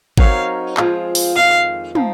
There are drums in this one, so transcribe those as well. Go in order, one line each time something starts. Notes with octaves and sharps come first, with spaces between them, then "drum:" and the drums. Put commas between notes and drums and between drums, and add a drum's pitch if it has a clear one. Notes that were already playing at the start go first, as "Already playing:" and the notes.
F#3 C4 D#4 A#4 C#5 F5, drum: kick G#1
F3 G#3 C4 F4 G#4, drum: clap
drum: open hi-hat
F2 D#3 G#3 F5
F3 C4 D#4, drum: tom